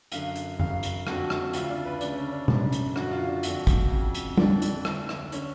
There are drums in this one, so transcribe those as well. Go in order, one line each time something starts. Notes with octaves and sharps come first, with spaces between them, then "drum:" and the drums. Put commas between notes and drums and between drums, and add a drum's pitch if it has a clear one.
F#2 D3 F5, drum: hi-hat
drum: hi-hat
F#2 C#3 F5, drum: tom F#2
drum: hi-hat
F2 D3 F#4, drum: rim click
drum: rim click
D2 C#3 F4, drum: hi-hat
D4
B4
D2 C#3 D4, drum: hi-hat
C#4
D4
F#2 C#3, drum: tom B2
drum: hi-hat
F#2 D3 F#4, drum: rim click
F4
D4
F2 D3 F#4, drum: hi-hat
drum: kick, hi-hat
F2 C#3
drum: hi-hat
F2 D3 D4, drum: tom
drum: hi-hat
D2 D3, drum: rim click
drum: rim click
D3 C#4, drum: hi-hat